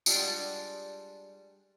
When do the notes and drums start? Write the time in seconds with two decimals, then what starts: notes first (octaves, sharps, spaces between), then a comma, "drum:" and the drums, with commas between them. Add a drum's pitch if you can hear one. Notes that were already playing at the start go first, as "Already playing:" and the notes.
0.06 G3 G#3 D4 F4 F#5, drum: tambourine